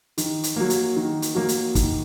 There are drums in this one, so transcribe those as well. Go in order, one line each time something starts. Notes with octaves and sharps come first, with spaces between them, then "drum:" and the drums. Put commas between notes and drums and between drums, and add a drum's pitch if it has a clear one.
D#3, drum: hi-hat
drum: hi-hat
F#3 A#3
drum: hi-hat
D#3
drum: hi-hat
F#3 A#3
drum: hi-hat
D#3, drum: kick, hi-hat